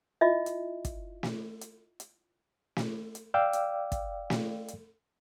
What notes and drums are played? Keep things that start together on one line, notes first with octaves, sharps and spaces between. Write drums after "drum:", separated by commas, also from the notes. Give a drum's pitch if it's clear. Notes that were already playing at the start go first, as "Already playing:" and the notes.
E4 F4 D#5 E5
drum: hi-hat
drum: kick, hi-hat
drum: snare
drum: hi-hat
drum: hi-hat
drum: snare
drum: hi-hat
D5 F5 G5 D6 E6
drum: hi-hat
drum: kick, hi-hat
drum: snare
drum: hi-hat